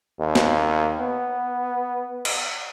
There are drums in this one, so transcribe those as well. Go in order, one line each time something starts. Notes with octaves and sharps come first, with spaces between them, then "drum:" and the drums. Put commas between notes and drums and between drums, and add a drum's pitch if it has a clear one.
D#2
drum: snare
B3
drum: cymbal